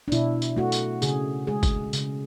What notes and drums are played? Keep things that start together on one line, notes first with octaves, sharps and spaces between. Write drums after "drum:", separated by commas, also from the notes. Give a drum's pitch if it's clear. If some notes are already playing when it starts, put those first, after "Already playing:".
D4
B2 E4, drum: tambourine
drum: tambourine
A3 F#4
drum: tambourine
C#3 G#4, drum: tambourine
G#3 G#4
drum: kick, tambourine
C#3, drum: tambourine